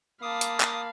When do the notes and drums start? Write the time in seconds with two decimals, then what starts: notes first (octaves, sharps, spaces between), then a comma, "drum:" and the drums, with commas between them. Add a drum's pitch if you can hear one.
0.22 A#3 F5 A5 B5 D6 D#6
0.41 drum: hi-hat
0.60 drum: clap